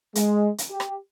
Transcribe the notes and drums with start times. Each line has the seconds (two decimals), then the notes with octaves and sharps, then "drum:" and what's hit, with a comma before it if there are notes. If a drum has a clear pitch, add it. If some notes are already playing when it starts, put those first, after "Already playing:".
0.15 G#3, drum: hi-hat
0.58 drum: hi-hat
0.71 G4
0.80 drum: rim click